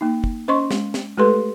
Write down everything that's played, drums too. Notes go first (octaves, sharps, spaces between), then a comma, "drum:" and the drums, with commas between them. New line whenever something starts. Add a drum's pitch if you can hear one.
A#3 D#4
drum: kick
C#4 C5 D#5 C6 C#6
G#3, drum: snare
drum: snare
G#3 A3 G4 A4 B4 C6